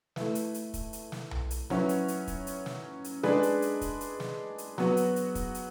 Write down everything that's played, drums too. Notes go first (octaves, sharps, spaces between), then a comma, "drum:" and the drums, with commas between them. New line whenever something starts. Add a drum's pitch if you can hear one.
A3 E4 B4, drum: snare
drum: hi-hat
drum: hi-hat
drum: kick, hi-hat
drum: hi-hat
drum: snare
drum: tom B1
drum: hi-hat
F#3 C#4 E4 B4, drum: snare
drum: hi-hat
drum: hi-hat
drum: kick, hi-hat
drum: hi-hat
drum: snare
drum: hi-hat
G#3 D4 G#4 B4, drum: snare
drum: hi-hat
drum: hi-hat
drum: kick, hi-hat
drum: hi-hat
drum: snare
drum: hi-hat
F#3 B3 F#4, drum: snare
drum: hi-hat
drum: hi-hat
drum: kick, hi-hat
drum: hi-hat